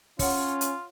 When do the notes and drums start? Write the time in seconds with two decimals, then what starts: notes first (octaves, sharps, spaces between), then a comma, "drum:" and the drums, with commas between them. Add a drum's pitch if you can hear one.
0.19 C#4 F4 C#5 F#5, drum: kick, open hi-hat
0.61 drum: hi-hat